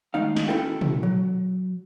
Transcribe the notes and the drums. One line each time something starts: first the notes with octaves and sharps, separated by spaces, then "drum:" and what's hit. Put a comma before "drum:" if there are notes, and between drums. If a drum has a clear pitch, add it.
D#2 G#2 G#3 A3 D#4 F5
drum: snare
C#4 E4 F#4 A4 G5
drum: tom
F#3